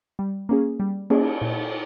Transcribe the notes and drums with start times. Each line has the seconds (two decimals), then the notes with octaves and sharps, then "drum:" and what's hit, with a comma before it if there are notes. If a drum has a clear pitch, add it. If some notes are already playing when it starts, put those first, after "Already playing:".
0.19 G3
0.49 A#3 C#4 G#4
0.80 G3
1.10 A#3 C#4 G#4, drum: cymbal
1.41 A#2